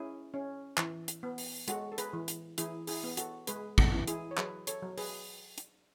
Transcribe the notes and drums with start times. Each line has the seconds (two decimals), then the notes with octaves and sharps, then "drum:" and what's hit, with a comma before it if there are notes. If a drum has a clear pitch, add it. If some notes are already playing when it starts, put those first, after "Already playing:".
Already playing: C#4 E4 G#4
0.34 C#4
0.77 E3, drum: clap
1.08 drum: hi-hat
1.23 B3
1.38 drum: open hi-hat
1.68 G#3 F#4 A4, drum: hi-hat
1.92 A4
1.98 G#4 B4, drum: hi-hat
2.13 E3
2.28 drum: hi-hat
2.58 E3 E4 G#4, drum: hi-hat
2.87 E4 G#4, drum: open hi-hat
3.03 B3
3.17 F#4 A4, drum: hi-hat
3.47 G#3 G#4 B4, drum: hi-hat
3.78 F#4 A4, drum: kick
3.92 E3
4.07 E4 G#4, drum: hi-hat
4.31 C#5
4.37 F#3 G#4 B4, drum: clap
4.67 A4 C#5, drum: hi-hat
4.82 F#3
4.98 G#4 B4, drum: open hi-hat
5.58 drum: hi-hat